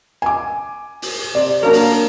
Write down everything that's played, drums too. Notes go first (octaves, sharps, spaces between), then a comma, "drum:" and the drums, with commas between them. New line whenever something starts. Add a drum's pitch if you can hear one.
G#5 D6
drum: open hi-hat
C3 D5
F#3 A#3 D4 A#4
drum: open hi-hat